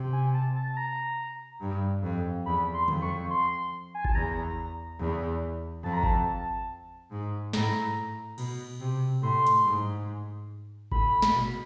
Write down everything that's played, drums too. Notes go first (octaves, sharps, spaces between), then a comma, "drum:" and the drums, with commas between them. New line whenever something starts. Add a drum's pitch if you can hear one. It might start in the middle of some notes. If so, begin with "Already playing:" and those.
Already playing: C3
G#5
A5
A5
A5
A#5
G2
F2
E2 B5
C6
F2, drum: tom
C#6
C6
G#5
A5, drum: kick G#1
E2 A#5
E2
F2 A5
A#5
A5, drum: kick G#1
G#2
A2 A#5, drum: snare
B2, drum: cymbal
C3
A2 C6
drum: hi-hat
G#2
A2 B5, drum: kick G#1
drum: snare
B2